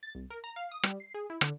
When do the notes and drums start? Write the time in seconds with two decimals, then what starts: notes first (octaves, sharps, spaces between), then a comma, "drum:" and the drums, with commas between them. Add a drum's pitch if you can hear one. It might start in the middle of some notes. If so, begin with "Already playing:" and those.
0.03 A6
0.15 C2
0.30 A#4
0.44 A#5
0.56 F5
0.71 D#6
0.83 G3, drum: rim click
1.00 C7
1.14 G#4
1.30 E4
1.41 D3, drum: rim click